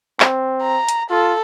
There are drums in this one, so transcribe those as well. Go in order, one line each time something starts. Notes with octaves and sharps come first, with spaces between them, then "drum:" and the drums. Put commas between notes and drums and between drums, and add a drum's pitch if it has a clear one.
C4, drum: clap
A#5
drum: hi-hat
F4 A4